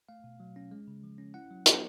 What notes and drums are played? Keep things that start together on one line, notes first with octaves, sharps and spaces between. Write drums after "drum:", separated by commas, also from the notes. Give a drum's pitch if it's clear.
A3 F5
B2
F#3
C#4
G#3
C#3
F3
C#4
E4 F#5
F#3
B3, drum: hi-hat